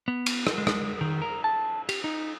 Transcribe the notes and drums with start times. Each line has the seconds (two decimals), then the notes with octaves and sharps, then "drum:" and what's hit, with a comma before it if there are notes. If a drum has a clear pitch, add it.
0.08 B3
0.26 drum: cymbal
0.47 drum: rim click
0.58 G#3
0.67 drum: rim click
1.01 D#3
1.22 A#4
1.44 A5
1.89 G4, drum: cymbal
2.04 D#4